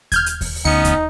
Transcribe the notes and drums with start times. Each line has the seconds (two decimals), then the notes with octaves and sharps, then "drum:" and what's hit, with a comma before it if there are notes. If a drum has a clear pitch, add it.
0.12 F6 G6 G#6, drum: kick D#2, hi-hat
0.26 drum: hi-hat
0.41 drum: kick D#2, open hi-hat
0.55 drum: open hi-hat
0.65 D2 B3 C#4 D#4 C#7
0.84 drum: kick D#2, hi-hat